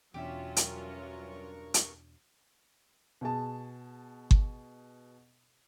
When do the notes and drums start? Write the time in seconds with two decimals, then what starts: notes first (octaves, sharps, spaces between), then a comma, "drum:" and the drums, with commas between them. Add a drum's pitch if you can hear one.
0.14 E2 B2 F#3 C#4 D4 F4 G4 E5
0.56 G2 A#4 C#6, drum: hi-hat
1.74 drum: hi-hat
3.21 B2 G#4 A5
4.31 drum: kick G1